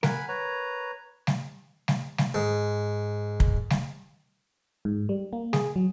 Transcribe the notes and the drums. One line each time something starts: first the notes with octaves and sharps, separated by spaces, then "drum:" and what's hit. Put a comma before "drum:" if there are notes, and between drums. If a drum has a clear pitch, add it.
A#4 F#5 G#5 B5, drum: snare
B4 C#5 A#5
drum: snare
drum: snare
drum: snare
G#2
drum: kick
drum: snare
G#2
G3
A#3
G#4, drum: snare
F#3